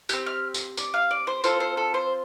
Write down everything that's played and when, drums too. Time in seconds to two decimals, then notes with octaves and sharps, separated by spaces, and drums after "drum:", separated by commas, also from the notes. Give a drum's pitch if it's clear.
0.09 C4 G4 G6, drum: tambourine
0.26 F6
0.54 drum: tambourine
0.77 D5, drum: tambourine
0.94 F5
1.11 D5
1.27 C5
1.44 C4 F4 A4 C5, drum: tambourine
1.60 C5
1.77 A4
1.94 C5